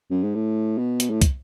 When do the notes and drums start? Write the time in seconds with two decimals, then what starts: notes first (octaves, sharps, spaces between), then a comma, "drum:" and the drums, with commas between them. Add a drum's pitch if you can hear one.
0.10 F#2
0.23 G#2
0.35 A2
0.78 B2
1.00 drum: hi-hat
1.10 A2
1.22 drum: kick, hi-hat